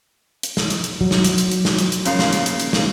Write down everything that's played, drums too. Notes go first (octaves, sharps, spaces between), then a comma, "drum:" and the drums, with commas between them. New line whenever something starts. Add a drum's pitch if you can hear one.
drum: hi-hat
drum: snare
drum: hi-hat
drum: hi-hat
F#3
drum: snare
drum: hi-hat
drum: hi-hat
drum: hi-hat
drum: snare
drum: hi-hat
drum: hi-hat
C#3 F3 A#3, drum: hi-hat
drum: snare
drum: hi-hat
drum: hi-hat
drum: hi-hat
drum: snare